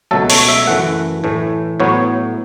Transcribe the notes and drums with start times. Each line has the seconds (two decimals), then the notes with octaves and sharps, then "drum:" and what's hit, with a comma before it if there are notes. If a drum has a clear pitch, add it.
0.11 C#2 B2 F#3 A3 A4
0.30 C#5, drum: open hi-hat
0.49 E5
0.67 F#2 E3 A3 F#5
1.24 A2 E3 A3
1.80 A2 F#3 B3 C#5